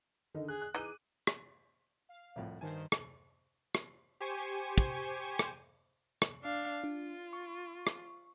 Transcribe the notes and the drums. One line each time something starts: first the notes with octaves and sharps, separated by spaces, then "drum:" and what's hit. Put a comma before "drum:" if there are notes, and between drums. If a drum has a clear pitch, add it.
D3 D#3 D#4
G#4 F#6
F#6
E3 D#4 G#4 D6 D#7
drum: rim click
F5
C2 F2 A2
G2 D#3 C5 G#5 A5
drum: rim click
drum: rim click
G4 C5 G#5 C#6
drum: kick
drum: rim click
drum: rim click
D4 F5
D4 F4
C#6
drum: rim click